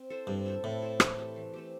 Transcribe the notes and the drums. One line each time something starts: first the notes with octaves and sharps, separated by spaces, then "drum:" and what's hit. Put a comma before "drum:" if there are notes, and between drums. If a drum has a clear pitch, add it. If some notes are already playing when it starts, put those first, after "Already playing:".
Already playing: C4
E4 A4 C5
G2 C4
E4 A4 C5
A2 C4
E4 A4 C5
E3, drum: rim click
A3 C4 G4
E3
A3 C4 G4